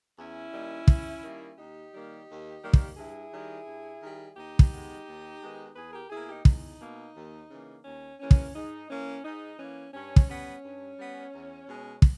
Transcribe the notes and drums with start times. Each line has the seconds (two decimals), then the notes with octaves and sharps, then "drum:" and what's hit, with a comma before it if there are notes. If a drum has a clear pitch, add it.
0.18 E2 C#4 E4
0.52 D#3 G3 A#3
0.88 E2, drum: kick
1.23 D#3 G3 A#3
1.57 D#2 D#4 G4
1.92 D#3 G3 A#3
2.27 D#2
2.61 D#3 G3 A#3
2.73 drum: kick
2.96 G2 E4 G#4
3.31 D#3 G3
3.66 G2
4.02 D#3 G3
4.35 D#2 D#4 G4
4.59 drum: kick
4.70 D#3 G#3 B3
5.06 D#2
5.40 D#3 G#3 B3
5.75 E2 G#4 B4
5.93 G4 A#4
6.10 B2 A#3 E4 G#4
6.27 D#4 G4
6.45 E2 D#4, drum: kick
6.80 B2 A#3
7.14 D#2
7.49 C#3 E3 A#3
7.84 D#2 C#4
8.19 C#3 E3 A#3 C#4
8.31 drum: kick
8.54 G#2 D#4
8.89 E3 A#3 C#4
9.23 G#2 D#4
9.58 E3 A#3 C#4
9.93 G2 C#4
10.16 drum: kick
10.28 G3 B3 C#4
10.62 G2
10.97 G3 B3
11.32 E2
11.67 B2 G#3
12.02 drum: kick